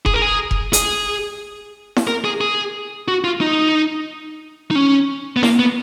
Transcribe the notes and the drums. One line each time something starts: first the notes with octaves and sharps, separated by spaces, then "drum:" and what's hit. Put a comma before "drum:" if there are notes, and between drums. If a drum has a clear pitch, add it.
G#4, drum: kick F1
A#4
G#4
drum: kick F1
G#4, drum: hi-hat
drum: snare E4
A#4
G#4
G#4
F#4
F4
D#4
D#4
C#4
B3
A#3, drum: snare E4
B3